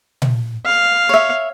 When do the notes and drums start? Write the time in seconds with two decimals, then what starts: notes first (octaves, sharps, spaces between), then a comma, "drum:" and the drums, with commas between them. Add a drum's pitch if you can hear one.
0.22 drum: tom A#2
0.66 F5
1.09 C#5 E5